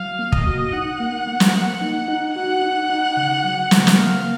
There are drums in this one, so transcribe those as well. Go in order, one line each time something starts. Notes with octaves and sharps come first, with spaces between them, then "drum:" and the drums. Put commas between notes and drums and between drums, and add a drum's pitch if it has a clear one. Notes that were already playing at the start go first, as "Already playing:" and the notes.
Already playing: F#3 F5
A#3
D#5, drum: kick
F#4
D#4 F#5
A#3
A#3
drum: snare
A#3 F#5
D#4
D#4
F#4 F#5
D#4
D#4
C#3
F#3
C#3, drum: snare
drum: snare
A#3 F5